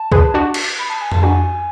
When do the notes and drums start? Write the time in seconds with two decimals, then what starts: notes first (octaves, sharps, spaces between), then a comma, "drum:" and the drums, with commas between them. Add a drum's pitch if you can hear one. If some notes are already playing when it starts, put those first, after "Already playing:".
Already playing: A5
0.12 G#4 B4, drum: kick C#2
0.34 D4 F#4
0.54 drum: cymbal
0.79 B5
0.90 A5
1.01 G#5
1.12 A5, drum: tom F2
1.22 D4 F#4 G#5